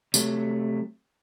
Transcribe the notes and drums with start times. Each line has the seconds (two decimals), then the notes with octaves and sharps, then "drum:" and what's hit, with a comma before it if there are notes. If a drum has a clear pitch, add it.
0.14 C3 F#3 A3, drum: tambourine